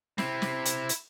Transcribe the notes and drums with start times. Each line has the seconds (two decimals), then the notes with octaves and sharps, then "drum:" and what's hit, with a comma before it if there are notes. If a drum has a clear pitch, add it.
0.18 C3 C4 E4, drum: snare
0.42 drum: snare
0.65 drum: hi-hat
0.89 drum: hi-hat